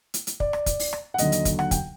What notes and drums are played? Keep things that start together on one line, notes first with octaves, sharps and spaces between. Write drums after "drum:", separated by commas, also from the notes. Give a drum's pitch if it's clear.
drum: hi-hat
drum: hi-hat
D5, drum: kick
drum: rim click
drum: kick, hi-hat
drum: open hi-hat
drum: rim click
F#5
D#2 D3 F#3 D#5, drum: hi-hat
drum: hi-hat
drum: kick, hi-hat
F#5, drum: rim click
G5, drum: kick, hi-hat